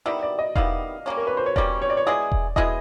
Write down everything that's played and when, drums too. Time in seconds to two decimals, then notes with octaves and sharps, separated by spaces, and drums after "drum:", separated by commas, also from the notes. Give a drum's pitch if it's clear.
0.06 D#3 G3 B3 E4 D5
0.22 D5
0.39 D#5
0.55 D#3 G3 B3 E4 F5, drum: kick E1
1.06 G3 A#3 C#4
1.17 A#4
1.27 B4
1.37 C5
1.46 C#5
1.56 G3 A#3 C#4 D5, drum: kick E1
1.82 C#5
1.90 D5
1.97 C#5
2.07 G#3 B3 E4 G#4 D5
2.32 drum: kick E1
2.56 G#3 B3 E4 G#4 D#5, drum: kick E1